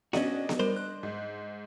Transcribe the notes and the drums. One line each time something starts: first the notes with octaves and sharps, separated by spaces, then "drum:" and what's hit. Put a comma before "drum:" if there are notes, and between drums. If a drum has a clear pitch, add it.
C#4 D4 F#4 D#5 D#7, drum: snare B3
drum: snare B3
G3 A#4 C5
F#6
G#2